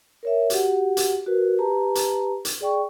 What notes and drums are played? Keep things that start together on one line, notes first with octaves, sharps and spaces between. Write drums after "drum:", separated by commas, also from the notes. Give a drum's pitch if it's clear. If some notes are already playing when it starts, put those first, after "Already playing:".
A#4 C#5 E5
F#4 G4 F#5, drum: hi-hat
drum: hi-hat
F#4 A#4 B4
G4 B4 A5 A#5
drum: hi-hat
drum: hi-hat
G#4 D5 G5 C#6